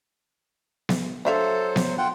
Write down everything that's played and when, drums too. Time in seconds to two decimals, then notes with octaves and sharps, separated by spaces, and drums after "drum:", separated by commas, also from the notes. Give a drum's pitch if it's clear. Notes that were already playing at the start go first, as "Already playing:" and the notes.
0.89 drum: snare B3
1.25 F#3 D4 A4 C5 E5 F5
1.76 drum: snare B3
1.97 F4 F#5 G5